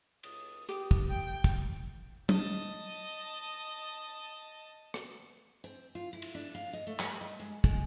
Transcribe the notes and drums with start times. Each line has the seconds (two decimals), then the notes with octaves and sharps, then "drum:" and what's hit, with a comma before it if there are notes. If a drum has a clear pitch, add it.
0.23 C#2 D#6, drum: cymbal
0.69 G4, drum: hi-hat
0.91 drum: kick
1.10 G5
1.44 drum: kick
2.29 D#5 A5, drum: tom
4.94 drum: rim click
5.64 C4
5.95 F4
6.13 E4
6.22 drum: cymbal
6.35 D4
6.55 F5
6.73 D#5
6.87 A3
6.99 G3, drum: clap
7.21 D#5
7.40 G#3
7.64 G#3, drum: kick